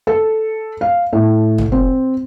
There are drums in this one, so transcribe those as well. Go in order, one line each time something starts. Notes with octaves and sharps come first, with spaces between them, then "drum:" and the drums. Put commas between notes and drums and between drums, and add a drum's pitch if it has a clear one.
A4
F5
A2
drum: tom
C4